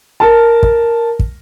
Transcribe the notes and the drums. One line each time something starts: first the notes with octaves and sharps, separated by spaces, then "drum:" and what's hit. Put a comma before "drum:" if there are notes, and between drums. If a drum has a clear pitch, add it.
A#4 A5
drum: kick
drum: kick